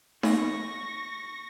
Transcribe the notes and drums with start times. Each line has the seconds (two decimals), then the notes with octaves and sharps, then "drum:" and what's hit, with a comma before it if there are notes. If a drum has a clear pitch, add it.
0.23 C#6 A#6, drum: snare D#4